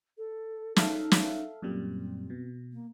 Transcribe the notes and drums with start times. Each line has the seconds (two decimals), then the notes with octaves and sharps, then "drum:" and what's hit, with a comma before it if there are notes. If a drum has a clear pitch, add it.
0.18 A4
0.76 D#4 A4 E5 F5, drum: snare
1.11 drum: snare
1.62 F#2 A#2 G3 C4
2.30 B2
2.72 A#3